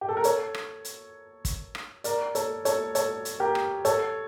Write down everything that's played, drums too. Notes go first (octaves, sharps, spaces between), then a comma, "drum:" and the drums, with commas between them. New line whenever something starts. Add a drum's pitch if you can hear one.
G4
A4
A#4
A4 C#5, drum: hi-hat
drum: rim click
drum: hi-hat
drum: kick, hi-hat
drum: rim click
A#4 D5, drum: hi-hat
A4 C#5, drum: hi-hat
A4 C#5, drum: hi-hat
A4 C#5, drum: hi-hat
drum: hi-hat
G4 A#4
drum: rim click
A4 C#5, drum: hi-hat